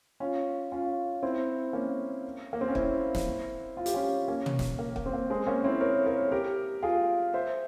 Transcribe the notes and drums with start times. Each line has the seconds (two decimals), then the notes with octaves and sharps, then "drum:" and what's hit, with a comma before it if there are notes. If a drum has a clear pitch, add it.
0.20 C#4 F4
0.72 C#4 F4
1.23 C4 E4
1.73 A#3 C#4
2.53 A#3
2.61 C4
2.68 C#4
2.75 C4 E4, drum: kick
3.15 drum: snare
3.77 F4
3.86 G4, drum: hi-hat
3.94 C#4 F4
4.28 A#3 C#4
4.46 drum: tom
4.59 drum: snare
4.79 A#3
4.96 A#3, drum: kick
5.06 C4
5.14 A#3
5.30 G#3 C4
5.47 A#3 C#4
5.64 C4 E4
5.81 A#4 C#5
6.06 A#4 C#5
6.32 G4 A#4
6.83 F4 G#4
7.34 C5 E5